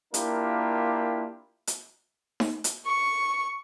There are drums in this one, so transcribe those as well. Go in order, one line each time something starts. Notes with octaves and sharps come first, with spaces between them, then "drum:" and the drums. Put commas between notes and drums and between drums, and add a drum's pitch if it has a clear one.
A#3 D4 E4 F4 G4 A#4, drum: hi-hat
drum: hi-hat
drum: snare D#4
drum: hi-hat
C#6